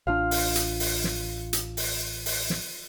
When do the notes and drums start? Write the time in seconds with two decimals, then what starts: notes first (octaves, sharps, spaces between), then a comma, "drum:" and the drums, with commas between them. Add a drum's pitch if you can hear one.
0.07 A1 D4 F4 F5
0.31 drum: open hi-hat
0.55 drum: hi-hat
0.80 drum: open hi-hat
1.04 drum: snare
1.53 drum: hi-hat
1.77 drum: open hi-hat
2.26 drum: open hi-hat
2.50 drum: snare